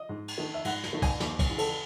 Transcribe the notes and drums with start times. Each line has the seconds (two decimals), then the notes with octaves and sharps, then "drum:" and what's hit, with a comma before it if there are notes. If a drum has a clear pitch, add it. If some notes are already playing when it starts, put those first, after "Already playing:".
Already playing: D#5
0.09 G#2
0.28 drum: cymbal
0.38 D#3 A3
0.54 E5
0.65 G#2 F#5, drum: cymbal
0.84 drum: snare
0.93 D#3 A3
1.02 G#5, drum: kick, cymbal
1.20 D#2, drum: snare
1.39 drum: kick, cymbal
1.49 C#3 E3 G#3
1.58 A4, drum: cymbal